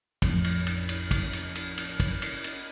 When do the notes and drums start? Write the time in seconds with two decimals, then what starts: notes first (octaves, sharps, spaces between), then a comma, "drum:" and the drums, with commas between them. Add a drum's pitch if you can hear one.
0.22 A1 F2 A2, drum: kick, cymbal
0.44 drum: cymbal
0.67 drum: cymbal
0.89 drum: cymbal
1.11 drum: kick, cymbal
1.33 drum: cymbal
1.55 drum: cymbal
1.77 drum: cymbal
2.00 drum: kick, cymbal
2.22 drum: cymbal
2.44 drum: cymbal